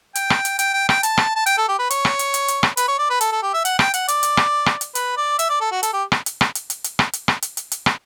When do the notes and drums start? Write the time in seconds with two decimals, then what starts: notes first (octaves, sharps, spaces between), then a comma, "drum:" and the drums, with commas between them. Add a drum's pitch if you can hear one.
0.15 G5, drum: hi-hat
0.30 drum: rim click
0.45 drum: hi-hat
0.59 G5, drum: hi-hat
0.74 G5
0.89 G5, drum: rim click
1.03 A5, drum: hi-hat
1.17 drum: rim click
1.36 A5
1.46 G5, drum: hi-hat
1.57 A4
1.69 G4
1.79 B4
1.90 C#5, drum: hi-hat
2.05 drum: rim click
2.19 drum: hi-hat
2.34 drum: hi-hat
2.48 drum: hi-hat
2.63 drum: rim click
2.77 B4, drum: hi-hat
2.88 C#5
2.99 D5
3.10 B4
3.21 A4, drum: hi-hat
3.32 A4
3.43 G4
3.54 E5
3.65 F#5, drum: hi-hat
3.79 G5, drum: rim click
3.94 F#5, drum: hi-hat
4.08 D5, drum: hi-hat
4.23 drum: hi-hat
4.37 drum: rim click
4.66 drum: rim click
4.81 drum: hi-hat
4.95 B4, drum: hi-hat
5.17 D5
5.39 E5, drum: hi-hat
5.50 D5
5.61 A4
5.72 F#4
5.83 A4, drum: hi-hat
5.93 G4
6.12 drum: rim click
6.26 drum: hi-hat
6.41 drum: rim click
6.55 drum: hi-hat
6.70 drum: hi-hat
6.84 drum: hi-hat
6.99 drum: rim click
7.13 drum: hi-hat
7.28 drum: rim click
7.42 drum: hi-hat
7.57 drum: hi-hat
7.72 drum: hi-hat
7.86 drum: rim click